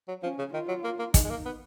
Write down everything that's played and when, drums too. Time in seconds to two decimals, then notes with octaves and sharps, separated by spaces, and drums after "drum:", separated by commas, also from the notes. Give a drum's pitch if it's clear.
0.08 F#3
0.23 F3 C#4
0.39 C#3
0.53 D#3 F4
0.69 F#3
0.84 A#3
0.99 A#3
1.14 G#3 D#4, drum: kick, hi-hat
1.24 G#3
1.30 A#3
1.45 B3